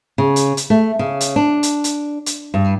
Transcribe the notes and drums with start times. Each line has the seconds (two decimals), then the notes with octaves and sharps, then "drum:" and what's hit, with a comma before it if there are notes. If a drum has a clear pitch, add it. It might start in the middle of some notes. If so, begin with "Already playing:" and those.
0.18 C#3
0.36 drum: hi-hat
0.57 drum: hi-hat
0.70 A3
0.99 C#3
1.21 drum: hi-hat
1.36 D4
1.63 drum: hi-hat
1.84 drum: hi-hat
2.26 drum: hi-hat
2.54 G2